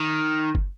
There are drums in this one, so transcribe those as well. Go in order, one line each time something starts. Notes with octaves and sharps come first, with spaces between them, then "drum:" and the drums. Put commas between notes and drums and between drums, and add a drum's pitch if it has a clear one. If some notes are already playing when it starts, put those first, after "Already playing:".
Already playing: D#3
drum: kick